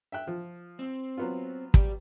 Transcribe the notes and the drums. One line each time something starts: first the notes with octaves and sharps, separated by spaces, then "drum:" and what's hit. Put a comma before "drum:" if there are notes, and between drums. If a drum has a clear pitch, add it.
E5 G5 F#6
F3
C4
F#3 B3 F4
G4 D5, drum: kick